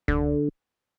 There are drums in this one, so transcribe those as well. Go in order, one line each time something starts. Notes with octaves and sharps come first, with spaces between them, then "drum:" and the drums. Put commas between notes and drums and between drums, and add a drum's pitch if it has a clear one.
D3, drum: kick C#2